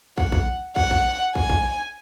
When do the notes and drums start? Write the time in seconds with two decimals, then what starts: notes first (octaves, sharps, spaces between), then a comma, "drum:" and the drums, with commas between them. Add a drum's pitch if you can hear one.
0.18 F#5, drum: kick
0.32 drum: kick
0.76 F#5, drum: kick
0.91 drum: kick
1.35 G#5, drum: kick
1.50 drum: kick